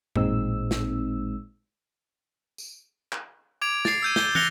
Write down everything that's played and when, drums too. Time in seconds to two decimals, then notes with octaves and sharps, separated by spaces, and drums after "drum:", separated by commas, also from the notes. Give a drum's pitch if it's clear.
0.16 A1 A#2 G#3 C4 D#4 E6, drum: tom F#2
0.71 drum: snare
2.58 drum: tambourine
3.12 drum: clap
3.62 D6 G#6 D7 F7
3.85 A6 C7, drum: snare
4.02 E6 G6 D#7
4.16 G6 G7, drum: snare
4.35 F#6 A#6 C#7 F7 G7, drum: tom